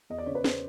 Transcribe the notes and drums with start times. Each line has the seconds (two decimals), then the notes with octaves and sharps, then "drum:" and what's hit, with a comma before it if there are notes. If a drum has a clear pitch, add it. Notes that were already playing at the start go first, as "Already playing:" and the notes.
0.10 E2 D#5
0.18 D5
0.26 C#3 C#5
0.35 B4
0.44 C5, drum: snare